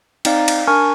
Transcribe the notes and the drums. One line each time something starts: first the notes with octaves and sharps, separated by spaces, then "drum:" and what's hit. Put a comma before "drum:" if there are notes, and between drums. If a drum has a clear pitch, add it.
C4 D#4 D5 F5, drum: cymbal
drum: cymbal
D4 A#4 G#5 C#6 F6